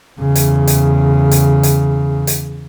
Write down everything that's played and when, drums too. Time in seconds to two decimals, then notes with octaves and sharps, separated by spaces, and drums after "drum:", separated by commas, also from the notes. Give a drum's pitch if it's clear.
0.20 E2 C#3
0.35 drum: hi-hat
0.67 drum: hi-hat
1.31 drum: hi-hat
1.63 drum: hi-hat
2.27 drum: hi-hat